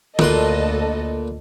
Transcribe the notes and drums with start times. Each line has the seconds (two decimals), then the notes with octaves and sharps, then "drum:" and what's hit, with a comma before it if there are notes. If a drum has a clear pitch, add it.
0.19 D2 A#2 A4 B4 D#5 C6, drum: tom D3